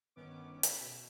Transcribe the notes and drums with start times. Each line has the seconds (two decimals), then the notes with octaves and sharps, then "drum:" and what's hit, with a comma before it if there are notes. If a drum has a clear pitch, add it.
0.16 G1 D#3 B3 C#4 D6
0.63 B5 B6 E7, drum: hi-hat
0.81 B2